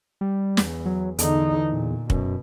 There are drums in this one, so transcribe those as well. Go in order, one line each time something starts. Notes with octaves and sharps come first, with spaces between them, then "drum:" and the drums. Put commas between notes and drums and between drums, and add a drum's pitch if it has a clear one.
G3
E2, drum: snare
F#3
E2 D3 D#4, drum: hi-hat
A#2
F#2 B2, drum: kick